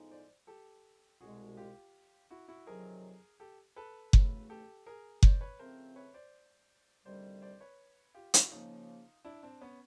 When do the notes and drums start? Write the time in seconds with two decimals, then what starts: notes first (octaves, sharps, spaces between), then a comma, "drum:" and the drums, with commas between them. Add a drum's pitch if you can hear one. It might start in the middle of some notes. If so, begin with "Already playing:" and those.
Already playing: A2 F3 G#3 B3 D#4
0.11 C5 D5
0.47 G4 A4
1.21 C2 B2 G#3 F#4 G#4
1.57 F4 G4
2.30 E4 F#4
2.48 E4 F#4
2.67 F2 C3 D#3 F#3 G#4 A#4
3.40 G4 A4
3.76 A4 B4
4.13 E2 C#3 F#3 A3, drum: kick F#1
4.50 G4 A4
4.86 G#4 A#4
5.23 C5 D5, drum: kick F#1
5.41 B4 C#5
5.59 C#3 F3 A3 C4 A#4 C5
5.96 B4 C#5
6.14 C5 D5
7.05 D2 C3 D#3 G3 C5 D5
7.42 C5 D5
7.60 B4 C#5
8.14 F4 G4
8.34 E4 F#4, drum: hi-hat
8.51 C#3 F3 A#3 D#4 F4
9.25 D4 E4
9.43 C4 D4
9.61 B3 C#4